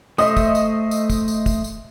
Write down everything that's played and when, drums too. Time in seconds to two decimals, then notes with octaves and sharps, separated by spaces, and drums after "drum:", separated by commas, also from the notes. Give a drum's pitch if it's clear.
0.18 A3 C5 D#5 E5 D#6, drum: tambourine
0.37 drum: kick, tambourine
0.55 drum: tambourine
0.91 drum: tambourine
1.10 drum: kick, tambourine
1.28 drum: tambourine
1.46 drum: kick, tambourine
1.64 drum: tambourine